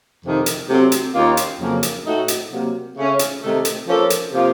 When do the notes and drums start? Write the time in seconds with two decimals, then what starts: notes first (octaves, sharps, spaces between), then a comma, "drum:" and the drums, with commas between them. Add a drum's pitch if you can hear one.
0.24 F2 C3 D#3
0.46 drum: hi-hat
0.68 C3 F#3 A3 C4
0.92 drum: hi-hat
1.14 D#2 D#3 A#3 C#4 F4
1.37 drum: hi-hat
1.60 F2 C#3 F#3 A#3
1.83 drum: hi-hat
2.05 A2 A3 D#4 F#4 A4
2.28 drum: hi-hat
2.51 C3 F#3 A#3
2.96 C#3 A3 C#4
3.19 drum: hi-hat
3.42 C3 D#3 A3
3.65 drum: hi-hat
3.87 F3 A#3 C#4 A4
4.10 drum: hi-hat
4.33 C3 F3 A#3 F4